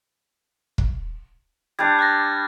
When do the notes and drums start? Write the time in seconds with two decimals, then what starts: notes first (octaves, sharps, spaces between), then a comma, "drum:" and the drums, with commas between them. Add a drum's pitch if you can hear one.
0.78 drum: kick
1.79 G3 D4 G6 G#6
1.99 F#6 A6 A#6